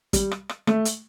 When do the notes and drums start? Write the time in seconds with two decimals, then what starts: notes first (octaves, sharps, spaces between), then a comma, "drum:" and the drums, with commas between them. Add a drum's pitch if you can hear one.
0.13 G3, drum: kick, hi-hat
0.31 drum: rim click
0.49 drum: rim click
0.67 A3, drum: rim click
0.85 drum: hi-hat